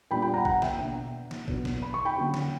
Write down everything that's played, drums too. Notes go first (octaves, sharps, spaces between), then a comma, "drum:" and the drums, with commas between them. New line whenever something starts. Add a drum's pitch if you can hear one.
A#2 G3 B3 D4 G5 B5
G5 B5
F#5 A#5
F#5 A#5, drum: kick A1
E5 G5, drum: snare
B2 A#3 D4
drum: snare
B2 F#3 B3 D4, drum: kick A1
drum: snare
B5
C#6
G5 B5
D3 F#3 A#3 C#4
drum: snare